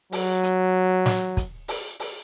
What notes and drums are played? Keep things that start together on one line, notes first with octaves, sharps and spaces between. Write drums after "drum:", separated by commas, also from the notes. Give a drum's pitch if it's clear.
F#3, drum: open hi-hat
drum: hi-hat
drum: snare
drum: kick, hi-hat
drum: open hi-hat
drum: open hi-hat